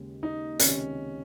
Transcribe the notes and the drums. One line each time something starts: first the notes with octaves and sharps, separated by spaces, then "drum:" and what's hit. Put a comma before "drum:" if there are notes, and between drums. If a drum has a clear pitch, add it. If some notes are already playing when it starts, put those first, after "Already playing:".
Already playing: D#2 C#3 G#3
D#4
C#2 C3 D#3 C#4, drum: hi-hat